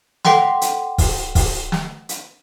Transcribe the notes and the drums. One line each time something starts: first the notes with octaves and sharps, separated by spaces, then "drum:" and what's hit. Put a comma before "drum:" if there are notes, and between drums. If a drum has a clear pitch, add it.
A4 F#5 G5 C6, drum: snare
drum: hi-hat
drum: kick, open hi-hat
drum: kick, open hi-hat
drum: snare
drum: hi-hat